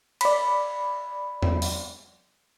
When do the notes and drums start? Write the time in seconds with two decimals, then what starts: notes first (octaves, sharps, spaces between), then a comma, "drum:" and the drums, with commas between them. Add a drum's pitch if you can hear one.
0.21 D5 B5, drum: cymbal
1.42 drum: tom E2
1.62 drum: open hi-hat